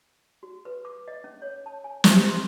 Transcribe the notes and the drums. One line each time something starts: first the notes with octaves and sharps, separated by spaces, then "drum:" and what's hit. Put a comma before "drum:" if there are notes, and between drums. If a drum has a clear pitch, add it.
F#4
B4
D6
D#5
C#4
C#5
A5
G#5
drum: snare
G4
C6